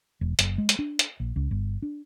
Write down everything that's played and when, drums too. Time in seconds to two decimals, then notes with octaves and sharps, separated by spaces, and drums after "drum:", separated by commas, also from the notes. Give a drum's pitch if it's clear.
0.21 E1
0.39 F#1, drum: hi-hat
0.58 G#3
0.69 drum: hi-hat
0.79 D4
0.99 drum: hi-hat
1.20 A#1
1.36 C#2
1.51 G1
1.82 D4